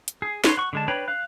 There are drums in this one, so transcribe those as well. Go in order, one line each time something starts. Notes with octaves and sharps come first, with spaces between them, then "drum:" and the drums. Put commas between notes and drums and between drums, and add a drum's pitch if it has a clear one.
drum: hi-hat
G#4
B4 C#5 C6, drum: snare
F#5 C#6
D3 G#3 A5
D4 B4 C#5 G5 B5
F5 F#6